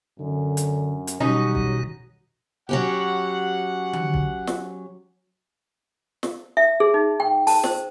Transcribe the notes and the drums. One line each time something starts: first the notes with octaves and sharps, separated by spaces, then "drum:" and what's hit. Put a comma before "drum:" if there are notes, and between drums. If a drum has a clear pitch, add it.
F#2 D3
drum: hi-hat
drum: hi-hat
B2 D#3 F#3 G3 C#4 D#4 F#4
drum: kick
F#3 C#4 G4 F#5
drum: tom D3
drum: kick
drum: snare
drum: snare
E5
G#4
D#4
G5
A5, drum: open hi-hat
C5, drum: snare